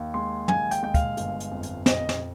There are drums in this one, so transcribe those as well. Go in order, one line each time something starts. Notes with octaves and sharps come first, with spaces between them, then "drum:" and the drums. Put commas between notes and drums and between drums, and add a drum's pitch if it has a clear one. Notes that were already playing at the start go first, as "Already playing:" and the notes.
Already playing: D#2
G#3 C6
D#2 G#5, drum: tom
G5, drum: hi-hat
G#3 G5
F5, drum: kick, hi-hat
G1, drum: hi-hat
drum: hi-hat
F2
drum: hi-hat
F2 D#5, drum: snare
drum: snare